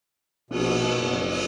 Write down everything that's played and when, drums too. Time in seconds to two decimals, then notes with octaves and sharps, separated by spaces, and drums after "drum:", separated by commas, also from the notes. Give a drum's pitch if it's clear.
0.50 A#1 B2, drum: cymbal
0.98 F#1
1.28 drum: cymbal